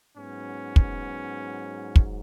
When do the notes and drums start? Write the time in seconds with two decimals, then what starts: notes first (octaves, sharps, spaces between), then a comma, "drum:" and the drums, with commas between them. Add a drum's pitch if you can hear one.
0.16 G#2 F#3 B3 C#4
0.76 drum: kick
1.96 drum: kick